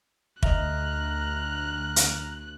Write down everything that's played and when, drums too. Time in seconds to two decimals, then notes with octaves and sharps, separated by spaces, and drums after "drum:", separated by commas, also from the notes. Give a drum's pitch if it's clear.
0.43 D2 D#5 E5 A#5 F6 F#6, drum: kick
1.96 drum: hi-hat